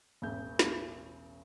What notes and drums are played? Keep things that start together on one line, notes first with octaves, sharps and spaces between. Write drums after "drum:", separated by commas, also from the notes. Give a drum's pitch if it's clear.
E1 A1 G6
drum: snare